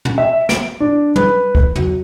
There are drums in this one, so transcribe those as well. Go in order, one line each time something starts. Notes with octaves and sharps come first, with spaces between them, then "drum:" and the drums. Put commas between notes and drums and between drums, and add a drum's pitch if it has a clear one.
drum: tom
E5
D7, drum: snare
D4
B4, drum: tom
drum: kick
F#3, drum: tom